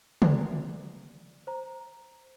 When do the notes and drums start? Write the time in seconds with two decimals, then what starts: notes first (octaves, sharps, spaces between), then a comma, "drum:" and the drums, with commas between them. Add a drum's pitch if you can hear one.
0.22 D5, drum: tom
1.47 C5 A#5